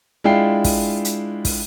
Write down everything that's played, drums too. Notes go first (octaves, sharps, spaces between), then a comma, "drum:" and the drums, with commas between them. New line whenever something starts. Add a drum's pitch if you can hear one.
G#3 D4 E4 F4 G5 C7
drum: kick, open hi-hat
drum: hi-hat
drum: kick, open hi-hat